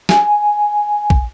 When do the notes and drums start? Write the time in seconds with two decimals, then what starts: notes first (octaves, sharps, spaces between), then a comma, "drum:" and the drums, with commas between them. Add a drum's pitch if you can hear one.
0.09 G#5, drum: snare
1.10 drum: kick